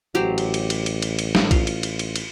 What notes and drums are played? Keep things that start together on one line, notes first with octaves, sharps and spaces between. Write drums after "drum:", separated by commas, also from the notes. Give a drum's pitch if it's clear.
A1 F#3 G4 C5
drum: cymbal
drum: cymbal
drum: cymbal
drum: cymbal
drum: cymbal
drum: cymbal
drum: snare
F4, drum: kick B1, cymbal
drum: cymbal
drum: cymbal
drum: cymbal
drum: cymbal